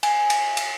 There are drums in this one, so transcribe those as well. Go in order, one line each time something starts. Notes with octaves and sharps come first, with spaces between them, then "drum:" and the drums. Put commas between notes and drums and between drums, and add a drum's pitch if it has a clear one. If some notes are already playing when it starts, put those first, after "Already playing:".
G#5, drum: cymbal
drum: cymbal
drum: cymbal